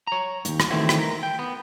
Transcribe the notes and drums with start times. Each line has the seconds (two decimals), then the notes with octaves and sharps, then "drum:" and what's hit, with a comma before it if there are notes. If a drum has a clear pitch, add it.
0.07 C#5 A#5
0.45 D#2 G#2, drum: hi-hat
0.60 drum: rim click
0.70 D#3 E3 A3 C4 E4 F#4
0.89 drum: rim click
0.99 A#4
1.23 G5
1.39 B3